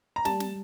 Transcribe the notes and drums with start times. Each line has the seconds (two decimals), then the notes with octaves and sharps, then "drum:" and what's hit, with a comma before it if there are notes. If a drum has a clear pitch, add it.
0.16 A#5
0.25 G3 A5, drum: snare
0.40 drum: snare